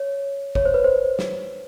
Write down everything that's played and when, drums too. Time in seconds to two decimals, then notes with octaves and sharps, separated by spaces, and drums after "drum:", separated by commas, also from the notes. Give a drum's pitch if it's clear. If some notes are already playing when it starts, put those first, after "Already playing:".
Already playing: C#5
0.55 C#5, drum: kick
0.65 C5
0.74 B4
0.84 C5
1.19 drum: snare